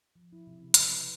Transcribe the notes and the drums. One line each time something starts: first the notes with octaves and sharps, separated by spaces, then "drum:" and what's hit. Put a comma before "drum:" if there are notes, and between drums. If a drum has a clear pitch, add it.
F3
E4
C3
C#3
B4, drum: hi-hat
B3